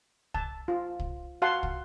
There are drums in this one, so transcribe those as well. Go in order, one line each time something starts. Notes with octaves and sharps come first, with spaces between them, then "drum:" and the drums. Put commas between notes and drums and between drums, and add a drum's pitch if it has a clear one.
A5, drum: kick
F4
drum: kick
F#4 F5 F#5 A5 C6
drum: kick